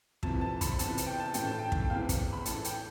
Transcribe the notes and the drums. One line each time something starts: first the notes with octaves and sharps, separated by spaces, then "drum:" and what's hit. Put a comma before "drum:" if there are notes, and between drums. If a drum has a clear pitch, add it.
F2 C3 E3 A5, drum: kick
A5
B5, drum: kick, hi-hat
E2 C3 E3 A5, drum: hi-hat
drum: hi-hat
G5
A5
A2 E3 G5, drum: hi-hat
A5
G5
drum: kick
G5
E2 C3 E3 F5
drum: kick, hi-hat
B5
A2 E3 A5, drum: hi-hat
G5, drum: hi-hat